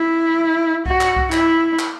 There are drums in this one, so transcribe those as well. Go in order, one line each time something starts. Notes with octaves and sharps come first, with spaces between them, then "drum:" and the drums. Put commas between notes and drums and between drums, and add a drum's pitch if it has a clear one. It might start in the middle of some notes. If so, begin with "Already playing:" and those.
Already playing: E4
F#4, drum: kick C2
drum: clap
drum: kick C2
E4, drum: clap
drum: clap